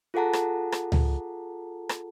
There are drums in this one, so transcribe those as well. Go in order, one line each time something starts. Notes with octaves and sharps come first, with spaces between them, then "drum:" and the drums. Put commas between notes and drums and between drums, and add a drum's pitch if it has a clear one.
F4 G#4 A4 F#5 A5 A#5
drum: rim click
drum: rim click
drum: tom C#2
drum: rim click